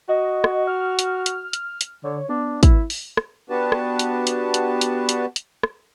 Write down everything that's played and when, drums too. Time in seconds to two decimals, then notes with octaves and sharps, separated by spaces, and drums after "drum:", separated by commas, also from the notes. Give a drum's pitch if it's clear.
0.09 F#4 D#5
0.44 drum: rim click
0.67 F6
0.99 drum: hi-hat
1.26 drum: hi-hat
1.53 drum: hi-hat
1.81 drum: hi-hat
2.04 D3 C#5
2.29 B3 D4
2.63 E4, drum: kick, hi-hat
2.90 drum: open hi-hat
3.17 drum: rim click
3.50 B3 D4 F#4 G4 B4 A5
3.72 drum: rim click
3.99 drum: hi-hat
4.27 drum: hi-hat
4.54 drum: hi-hat
4.81 drum: hi-hat
5.09 drum: hi-hat
5.36 drum: hi-hat
5.63 drum: rim click